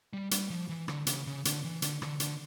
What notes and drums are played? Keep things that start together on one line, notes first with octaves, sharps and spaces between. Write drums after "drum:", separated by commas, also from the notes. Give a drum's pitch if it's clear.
G3
G3, drum: hi-hat
F3
E3
D3, drum: rim click
C#3, drum: hi-hat
C#3
D3, drum: hi-hat
E3
D3, drum: hi-hat
D3, drum: rim click
D3, drum: hi-hat